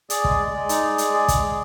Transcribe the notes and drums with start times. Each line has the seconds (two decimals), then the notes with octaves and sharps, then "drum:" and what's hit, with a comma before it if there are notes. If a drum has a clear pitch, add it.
0.10 G#4 D5, drum: hi-hat
0.24 G#3, drum: kick
0.39 G#3
0.54 G#3
0.69 D#4, drum: hi-hat
0.84 G#4
0.98 G#3, drum: hi-hat
1.14 G#4
1.28 G#3, drum: kick, hi-hat
1.43 G#4